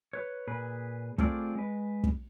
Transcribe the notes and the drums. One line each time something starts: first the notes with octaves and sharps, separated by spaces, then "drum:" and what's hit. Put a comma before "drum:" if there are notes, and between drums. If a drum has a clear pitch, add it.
B4 C#5
A#2 G#4 B4
A3 C4 F4 G#4 D5, drum: kick
G#3 B4
drum: kick